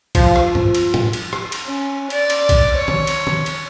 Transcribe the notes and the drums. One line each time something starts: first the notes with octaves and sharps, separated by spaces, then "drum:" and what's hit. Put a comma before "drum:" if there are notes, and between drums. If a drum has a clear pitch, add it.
F3, drum: kick B1, cymbal
drum: rim click
drum: tom
drum: cymbal
drum: tom
drum: cymbal
drum: rim click
drum: cymbal
C#4
D5, drum: cymbal
drum: cymbal
drum: kick B1, cymbal
C#5
drum: tom D#3
drum: cymbal
drum: tom D#3
drum: cymbal